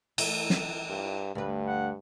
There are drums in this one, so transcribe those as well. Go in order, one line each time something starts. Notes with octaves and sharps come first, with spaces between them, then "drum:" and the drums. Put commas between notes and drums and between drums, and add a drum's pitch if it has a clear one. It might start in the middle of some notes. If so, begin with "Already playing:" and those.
E3 A3, drum: cymbal
drum: snare
G2
D2 G2 B4
F#5